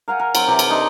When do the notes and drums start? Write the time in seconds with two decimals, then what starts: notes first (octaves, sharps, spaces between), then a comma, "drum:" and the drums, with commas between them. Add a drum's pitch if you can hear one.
0.08 A#4 F5 F#5 G#5
0.20 A#4
0.35 F#3 C4, drum: cymbal
0.48 C3 E3 G4
0.59 drum: cymbal
0.70 D4 D#4 C#5 C6